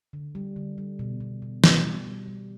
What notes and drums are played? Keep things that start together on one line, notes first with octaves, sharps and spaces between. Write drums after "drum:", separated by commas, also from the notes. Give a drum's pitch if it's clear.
D3
G3
D3
G3
B2
B2
B2
B2, drum: snare
G3
G3
G3